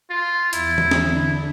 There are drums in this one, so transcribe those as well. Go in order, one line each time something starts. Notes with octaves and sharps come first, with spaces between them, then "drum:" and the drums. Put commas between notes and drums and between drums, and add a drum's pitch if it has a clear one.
F4
E2 E4, drum: hi-hat
drum: tom E3
D3 D4, drum: snare